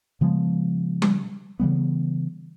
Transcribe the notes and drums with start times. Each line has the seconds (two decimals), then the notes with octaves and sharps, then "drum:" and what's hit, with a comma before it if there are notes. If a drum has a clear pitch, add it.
0.21 C#3 F3 G#3 B3
1.02 drum: tom G3
1.59 C#3 E3 G3 B3